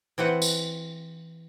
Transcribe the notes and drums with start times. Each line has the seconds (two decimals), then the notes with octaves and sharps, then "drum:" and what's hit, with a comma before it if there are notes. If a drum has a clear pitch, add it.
0.18 E3 C4 B4 F#5
0.42 drum: tambourine